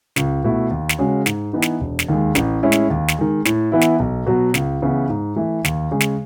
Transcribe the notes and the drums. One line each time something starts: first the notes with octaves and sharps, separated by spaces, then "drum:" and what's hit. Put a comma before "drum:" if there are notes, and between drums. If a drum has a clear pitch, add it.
C#2, drum: snare
B2 A3 E4
D#2
drum: snare
C#3 G#3 C#4 F#4
G#2, drum: snare
E3 B3 D#4
drum: snare
E1
drum: snare
D#2 D#3 G#3
A1, drum: snare
A2 G#3 C#4 E4
drum: snare
D#2
drum: snare
D#3 G#3
A2, drum: snare
E3 B3 E4
drum: snare
B1
B2 F#3
C#2, drum: snare
C#3 E3 B3 E4
G#2
E3 A3 E4
D#2, drum: snare
C#3 G#3
drum: snare